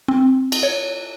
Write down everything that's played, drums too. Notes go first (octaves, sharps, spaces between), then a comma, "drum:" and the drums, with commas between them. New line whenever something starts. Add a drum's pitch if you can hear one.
C4
drum: cymbal
C#5